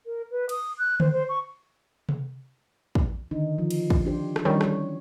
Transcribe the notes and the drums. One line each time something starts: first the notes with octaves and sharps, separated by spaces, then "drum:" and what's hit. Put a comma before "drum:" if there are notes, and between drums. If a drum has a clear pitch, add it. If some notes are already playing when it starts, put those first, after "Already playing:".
A#4
B4
D#6, drum: cymbal
F#6
C5, drum: tom D3
C5
C#6
drum: tom C3
drum: kick
D3 D#3 D#4
F3
drum: cymbal
drum: kick
D4 G4 C5
drum: rim click
D#3 E3 G3 C#4 C#5
drum: rim click